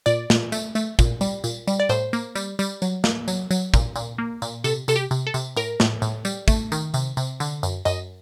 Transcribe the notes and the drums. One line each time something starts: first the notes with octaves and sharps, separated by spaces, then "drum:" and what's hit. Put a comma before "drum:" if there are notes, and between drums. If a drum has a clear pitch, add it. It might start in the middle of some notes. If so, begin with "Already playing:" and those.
A#2 D5, drum: tambourine
A#2, drum: snare
A3, drum: tambourine
A3, drum: tambourine
A#2, drum: kick, tambourine
G3, drum: tambourine
A#2, drum: tambourine
G3, drum: tambourine
D5
A2 C5, drum: tambourine
A#3, drum: tambourine
G3, drum: tambourine
G3, drum: tambourine
F#3, drum: tambourine
A#3, drum: snare
F#3, drum: tambourine
F#3, drum: tambourine
A#2, drum: kick, tambourine
A#2, drum: tambourine
A#3
A#2, drum: tambourine
C3 A4, drum: tambourine
C3 A4, drum: tambourine
G4
C3, drum: tambourine
A4
C3, drum: tambourine
A2 A#4, drum: tambourine
A2, drum: snare
A2, drum: tambourine
G3, drum: tambourine
A3, drum: kick, tambourine
D#3, drum: tambourine
C3, drum: tambourine
C3, drum: tambourine
D3, drum: tambourine
F#2, drum: tambourine
F#2 D#5, drum: tambourine